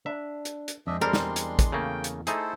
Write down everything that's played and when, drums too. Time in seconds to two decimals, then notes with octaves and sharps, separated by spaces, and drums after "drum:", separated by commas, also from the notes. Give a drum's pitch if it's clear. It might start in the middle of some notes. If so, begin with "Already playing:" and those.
0.06 D4 E5
0.45 drum: hi-hat
0.68 drum: hi-hat
0.87 F2 G#3 C4 D4 D#5 E5
1.01 E2 G3 G#3 C4 D4 A#4 C6
1.13 drum: snare
1.36 drum: hi-hat
1.59 drum: kick, hi-hat
1.72 C#3 A3 A#3 G5
2.04 drum: hi-hat
2.27 A3 D#4 E4 G#4 A4 C5, drum: hi-hat